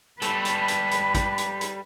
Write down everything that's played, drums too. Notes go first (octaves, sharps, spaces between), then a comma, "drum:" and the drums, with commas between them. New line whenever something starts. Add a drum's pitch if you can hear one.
G3 A4 B4 B5, drum: hi-hat
drum: hi-hat
drum: hi-hat
drum: hi-hat
drum: kick, hi-hat
drum: hi-hat
drum: hi-hat